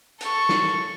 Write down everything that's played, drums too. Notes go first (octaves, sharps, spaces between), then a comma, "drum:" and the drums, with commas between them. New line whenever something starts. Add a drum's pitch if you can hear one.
A4 C#6, drum: hi-hat
drum: snare